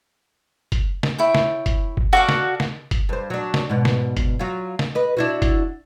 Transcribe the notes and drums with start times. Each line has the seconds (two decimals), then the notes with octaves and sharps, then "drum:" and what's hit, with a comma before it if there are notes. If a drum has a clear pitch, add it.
0.72 drum: kick, hi-hat
1.03 drum: snare
1.18 E4 C#5 G5
1.35 drum: snare
1.66 drum: kick, hi-hat
1.97 drum: kick
2.13 F#4 A4 D5 F5
2.29 drum: snare
2.60 drum: snare
2.91 drum: kick, hi-hat
3.09 G2 C5
3.30 F#3 D4
3.54 drum: snare
3.70 G#2 B2
3.85 drum: snare
4.17 drum: kick, hi-hat
4.39 F#3 F4
4.79 drum: snare
4.95 B4 D#5
5.17 D4 E4 F#4
5.42 drum: kick, hi-hat